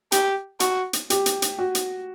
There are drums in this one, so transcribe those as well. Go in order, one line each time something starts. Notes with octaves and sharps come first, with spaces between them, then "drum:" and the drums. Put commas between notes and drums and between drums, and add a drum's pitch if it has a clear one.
G4, drum: hi-hat
F#4, drum: hi-hat
drum: hi-hat
G4, drum: hi-hat
drum: hi-hat
drum: hi-hat
F#4
drum: hi-hat